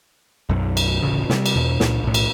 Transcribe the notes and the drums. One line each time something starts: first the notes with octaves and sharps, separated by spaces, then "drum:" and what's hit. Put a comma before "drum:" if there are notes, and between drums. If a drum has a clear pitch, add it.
B1 F#2
drum: cymbal
D1 A1 C#3
C3 G3, drum: snare
drum: cymbal
E2 B2
C#2 A#2, drum: snare
B1 A2
drum: cymbal